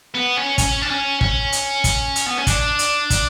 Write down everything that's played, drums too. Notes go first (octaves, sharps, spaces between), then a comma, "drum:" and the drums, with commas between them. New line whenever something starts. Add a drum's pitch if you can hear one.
B3
C#4
C#4, drum: kick, hi-hat
D4
C#4
C#4, drum: kick
drum: hi-hat
drum: kick, hi-hat
drum: hi-hat
B3
C#4
D4, drum: kick, hi-hat
drum: hi-hat
drum: kick, hi-hat